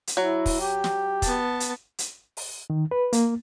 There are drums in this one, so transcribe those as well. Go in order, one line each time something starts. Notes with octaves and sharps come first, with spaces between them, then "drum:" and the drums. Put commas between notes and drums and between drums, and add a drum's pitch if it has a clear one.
drum: hi-hat
F#3 E4
drum: kick, open hi-hat
G4
drum: snare
B3 A5, drum: kick, hi-hat
drum: hi-hat
drum: hi-hat
drum: open hi-hat
D#3
B4
A#3, drum: hi-hat